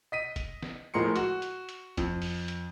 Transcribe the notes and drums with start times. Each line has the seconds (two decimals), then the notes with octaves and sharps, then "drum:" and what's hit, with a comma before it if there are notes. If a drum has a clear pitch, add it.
0.12 D#5 B6 D#7
0.36 drum: kick, hi-hat
0.63 drum: snare
0.94 A2 F3 G#3 A#4 C6 C#7
1.16 F#4, drum: hi-hat
1.42 drum: hi-hat
1.69 drum: hi-hat
1.97 F2, drum: kick, hi-hat
2.22 drum: open hi-hat
2.48 drum: hi-hat